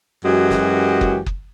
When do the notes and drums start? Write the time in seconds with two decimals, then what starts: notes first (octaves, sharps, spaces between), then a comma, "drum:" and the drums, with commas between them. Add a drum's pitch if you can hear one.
0.25 F#2 E3 G#3 F#4 G4
0.50 drum: snare
1.01 drum: kick F#1
1.26 drum: kick F#1